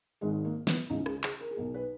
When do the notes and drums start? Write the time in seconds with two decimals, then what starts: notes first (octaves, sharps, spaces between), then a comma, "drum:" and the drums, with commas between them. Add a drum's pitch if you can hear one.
0.21 G#1 G#2 D#3 G#3
0.45 A#3
0.67 B3, drum: snare
0.90 C#2 C#3 D#4
1.06 G#4, drum: rim click
1.23 G#4, drum: clap
1.41 A#4
1.51 G#4
1.57 B1 B2 A#4
1.74 B4